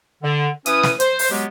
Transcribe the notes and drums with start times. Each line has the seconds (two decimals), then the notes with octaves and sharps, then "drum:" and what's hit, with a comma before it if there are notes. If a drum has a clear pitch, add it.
0.23 D3
0.66 E3 C#4 E4 B4 D#6, drum: hi-hat
0.83 drum: snare
1.00 C5, drum: hi-hat
1.19 drum: open hi-hat
1.31 F#3 G#3 B3 G4